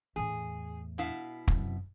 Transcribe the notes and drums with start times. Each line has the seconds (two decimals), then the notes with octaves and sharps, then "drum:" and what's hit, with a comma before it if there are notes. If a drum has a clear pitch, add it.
0.16 E2 A2 G#4
0.98 B2 E4 F5
1.48 F#2 C3, drum: kick